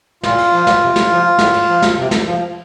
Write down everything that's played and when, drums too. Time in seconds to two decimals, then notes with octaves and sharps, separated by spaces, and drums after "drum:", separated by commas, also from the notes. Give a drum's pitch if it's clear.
0.23 A#2 F4, drum: snare
0.38 drum: cymbal
0.52 F3
0.67 drum: snare
0.81 C3
0.96 drum: snare
1.10 F3
1.38 A2, drum: snare
1.54 drum: cymbal
1.68 F3
1.82 drum: snare
1.97 C3
2.11 drum: snare
2.25 F3